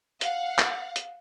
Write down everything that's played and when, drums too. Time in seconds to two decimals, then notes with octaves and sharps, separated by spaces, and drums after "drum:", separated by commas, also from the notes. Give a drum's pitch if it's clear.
0.21 F5 F#5, drum: hi-hat
0.59 drum: clap
0.96 drum: hi-hat